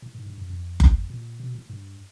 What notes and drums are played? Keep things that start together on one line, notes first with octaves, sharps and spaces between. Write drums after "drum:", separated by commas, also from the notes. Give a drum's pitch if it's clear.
A2
G#2
G2
F#2
F2
drum: kick F#1
A#2
B2
A2
G2